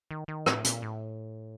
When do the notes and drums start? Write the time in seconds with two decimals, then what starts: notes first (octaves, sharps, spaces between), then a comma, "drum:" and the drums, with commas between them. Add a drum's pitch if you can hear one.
0.11 D#3
0.28 D#3
0.46 A2, drum: rim click
0.64 A#2, drum: hi-hat
0.82 A2